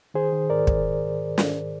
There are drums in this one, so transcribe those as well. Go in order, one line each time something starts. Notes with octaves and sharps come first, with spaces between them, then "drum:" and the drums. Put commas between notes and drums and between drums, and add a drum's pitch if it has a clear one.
D#3 G#4 C5
D#3
G#2 A#4 D5
G#2, drum: kick
drum: snare